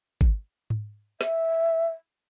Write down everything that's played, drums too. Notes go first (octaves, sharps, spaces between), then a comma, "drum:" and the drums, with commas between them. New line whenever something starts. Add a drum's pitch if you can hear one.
drum: kick G#1
drum: tom G#2
E5, drum: snare